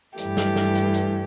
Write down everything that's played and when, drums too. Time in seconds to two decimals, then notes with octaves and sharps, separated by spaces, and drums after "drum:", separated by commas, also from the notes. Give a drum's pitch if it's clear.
0.18 G2 E3 A3 G4, drum: hi-hat
0.37 drum: snare
0.56 drum: snare
0.75 drum: hi-hat
0.94 drum: hi-hat